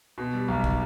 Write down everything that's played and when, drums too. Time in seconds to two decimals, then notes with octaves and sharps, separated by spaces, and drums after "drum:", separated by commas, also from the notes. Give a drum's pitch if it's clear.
0.18 B2
0.33 G3
0.48 B1
0.64 drum: kick